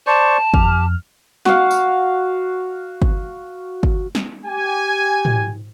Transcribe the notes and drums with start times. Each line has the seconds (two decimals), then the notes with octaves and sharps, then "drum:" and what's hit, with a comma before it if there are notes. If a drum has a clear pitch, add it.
0.07 C5 D5 A5 C#6
0.54 F2 G4 F6, drum: kick
1.45 F#4 F5, drum: snare
1.71 drum: tambourine
3.02 drum: kick
3.83 drum: kick
4.15 drum: snare
4.46 G4 G#5
5.25 drum: tom